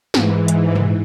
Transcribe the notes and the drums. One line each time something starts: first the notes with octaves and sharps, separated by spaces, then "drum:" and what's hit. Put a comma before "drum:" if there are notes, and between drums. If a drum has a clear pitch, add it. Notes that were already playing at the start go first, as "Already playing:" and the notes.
G#2 E3, drum: snare
drum: hi-hat
drum: tom